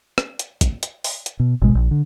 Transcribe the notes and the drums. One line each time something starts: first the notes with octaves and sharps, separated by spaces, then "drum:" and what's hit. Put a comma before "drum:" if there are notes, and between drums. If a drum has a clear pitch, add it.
drum: rim click
drum: hi-hat
drum: kick, hi-hat
drum: hi-hat
drum: open hi-hat
drum: hi-hat
B2
G#1 B2 G#3
A#1
D3